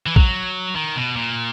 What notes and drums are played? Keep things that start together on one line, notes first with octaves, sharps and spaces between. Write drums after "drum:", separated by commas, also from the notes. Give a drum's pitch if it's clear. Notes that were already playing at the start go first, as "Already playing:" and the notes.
E3
F#3, drum: kick
D#3
B2
A#2